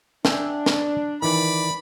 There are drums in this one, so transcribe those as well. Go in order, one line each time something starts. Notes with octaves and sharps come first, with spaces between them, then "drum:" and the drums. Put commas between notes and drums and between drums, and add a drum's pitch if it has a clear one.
D4 E5 G5 G#5, drum: snare
drum: snare
D#3 E3 D5 B5